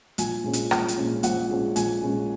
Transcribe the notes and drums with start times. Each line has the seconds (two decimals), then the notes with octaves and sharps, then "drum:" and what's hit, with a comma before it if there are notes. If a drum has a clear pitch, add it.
0.18 A#1 G#5, drum: hi-hat
0.44 A#2 G#3 C#4
0.53 drum: hi-hat
0.71 A#1, drum: rim click
0.88 drum: hi-hat
0.98 A#2 G#3 C#4
1.23 A#1 F#5, drum: hi-hat
1.50 A#2 G#3 C#4
1.76 A#1 G#5, drum: hi-hat
2.02 A#2 G#3 C#4